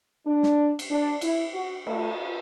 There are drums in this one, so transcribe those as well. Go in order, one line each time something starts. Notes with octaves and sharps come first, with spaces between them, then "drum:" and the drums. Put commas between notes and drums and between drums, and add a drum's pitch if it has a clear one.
D4
drum: snare
drum: cymbal
D4
E4, drum: cymbal
F#4
A3, drum: cymbal